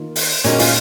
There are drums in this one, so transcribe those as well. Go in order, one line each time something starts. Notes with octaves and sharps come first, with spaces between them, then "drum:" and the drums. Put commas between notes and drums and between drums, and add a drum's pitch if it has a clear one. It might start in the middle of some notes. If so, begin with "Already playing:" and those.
Already playing: D#3 A#3 F4
drum: open hi-hat
A#2 G#3 A#3 C#4 D#4 F#4, drum: hi-hat
C#4 F4, drum: open hi-hat